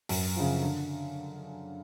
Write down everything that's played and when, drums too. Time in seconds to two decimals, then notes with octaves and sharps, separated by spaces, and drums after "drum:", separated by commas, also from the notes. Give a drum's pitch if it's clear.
0.09 F#2, drum: open hi-hat
0.36 C#3 F3
0.62 D3